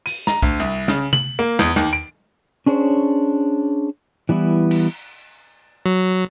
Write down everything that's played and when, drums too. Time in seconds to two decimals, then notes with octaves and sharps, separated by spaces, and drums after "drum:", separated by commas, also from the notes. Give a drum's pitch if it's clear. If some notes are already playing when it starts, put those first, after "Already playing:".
0.06 D#7, drum: open hi-hat
0.27 A#5, drum: snare
0.42 D2, drum: kick B1
0.60 C2
0.88 C#3, drum: snare
1.13 F#7, drum: tom C3
1.39 A#3
1.59 E2, drum: snare
1.76 D#2, drum: snare
1.93 D7
2.66 C#4 D4 G#4 C5 C#5
4.29 E3 G3 B3 E4
4.71 drum: cymbal
5.86 F#3